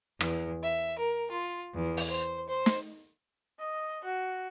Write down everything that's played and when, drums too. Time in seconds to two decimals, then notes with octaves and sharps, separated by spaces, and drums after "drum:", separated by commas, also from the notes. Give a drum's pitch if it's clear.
0.21 E2, drum: rim click
0.63 E5
0.98 A#4
1.31 F4
1.74 E2
1.97 drum: open hi-hat
2.10 C5
2.47 C5
2.66 drum: snare
3.60 D#5
4.04 F#4